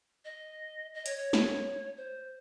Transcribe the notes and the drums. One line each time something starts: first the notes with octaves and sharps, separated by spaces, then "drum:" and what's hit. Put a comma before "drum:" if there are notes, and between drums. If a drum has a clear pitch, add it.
D#5
D#5
C#5, drum: hi-hat
C#5
drum: snare
C5